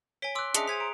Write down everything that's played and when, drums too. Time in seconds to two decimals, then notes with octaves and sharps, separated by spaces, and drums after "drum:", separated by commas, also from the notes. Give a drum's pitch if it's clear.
0.22 C#5 G#5 B6 D7 G7
0.35 C6 D6 E6 F#6
0.55 C#4 D4 G#4 D#5 E5 D#6 C7 C#7, drum: hi-hat
0.68 C5 G#5 G#6 B6 F7
0.80 A#5 D7